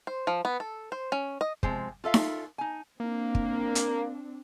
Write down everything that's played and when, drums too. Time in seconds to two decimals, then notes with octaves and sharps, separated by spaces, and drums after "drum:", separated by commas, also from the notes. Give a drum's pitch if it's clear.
0.07 C5
0.27 F3
0.45 B3
0.60 A4
0.92 C5
1.12 C#4
1.41 D#5
1.63 C3 F3 G#3 C5, drum: kick
2.04 F4 A4 E5 F5
2.14 drum: snare D#4
2.58 D#4 G#5
3.00 A#3 C4 D4
3.35 drum: kick
3.75 drum: hi-hat